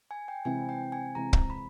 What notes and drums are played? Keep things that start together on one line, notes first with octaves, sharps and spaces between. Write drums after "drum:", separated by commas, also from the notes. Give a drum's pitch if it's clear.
G#5
G5
C3 E3 G#3 C4 E4 G#5
G5
G#5
C3 E3 G#3 C4 E4 A#5
drum: kick
B5